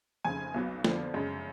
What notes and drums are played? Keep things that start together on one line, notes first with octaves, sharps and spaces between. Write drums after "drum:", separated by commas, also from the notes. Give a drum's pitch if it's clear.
F1 F2 C#3 G#5
B1 B2 F#3 B3
F2 D3 F3 B3 D4, drum: snare
F#2 C#3 G#3